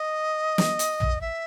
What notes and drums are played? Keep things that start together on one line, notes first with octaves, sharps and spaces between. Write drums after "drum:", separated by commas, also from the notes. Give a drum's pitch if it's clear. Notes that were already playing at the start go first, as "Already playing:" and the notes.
Already playing: D#5
drum: snare
drum: hi-hat
drum: tom
E5